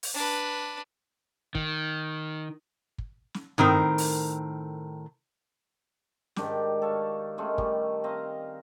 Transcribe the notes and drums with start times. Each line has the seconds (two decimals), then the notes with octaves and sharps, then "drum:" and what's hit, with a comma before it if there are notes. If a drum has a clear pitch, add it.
0.03 drum: open hi-hat
0.14 D4 B4
1.55 D#3, drum: kick
2.98 drum: kick
3.34 drum: snare
3.58 A2 D#3 C4 A#4, drum: tom G2
3.98 drum: open hi-hat
6.36 G#2 D#3 D4 G4, drum: snare
6.82 A4 C#5 F5
7.38 D#3 G#3 A3 C#4
7.58 G3, drum: kick
8.04 C4 D#5 F5 A#5